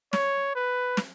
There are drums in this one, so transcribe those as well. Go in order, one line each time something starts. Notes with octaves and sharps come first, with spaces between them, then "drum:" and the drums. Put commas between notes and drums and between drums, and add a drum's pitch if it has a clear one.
C#5, drum: snare
B4
drum: snare